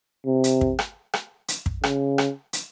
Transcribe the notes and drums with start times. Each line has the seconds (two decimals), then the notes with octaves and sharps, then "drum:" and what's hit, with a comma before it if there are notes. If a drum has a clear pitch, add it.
0.26 C3
0.44 drum: hi-hat
0.61 drum: kick
0.79 drum: rim click
1.13 drum: rim click
1.48 drum: hi-hat
1.66 drum: kick
1.83 C#3, drum: rim click
2.18 drum: rim click
2.53 drum: hi-hat